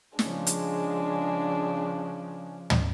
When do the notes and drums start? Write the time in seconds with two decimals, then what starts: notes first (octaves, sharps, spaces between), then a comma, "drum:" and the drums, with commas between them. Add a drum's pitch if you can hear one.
0.19 C#3 F3 G#3 D4, drum: snare
0.47 drum: hi-hat
2.70 drum: tom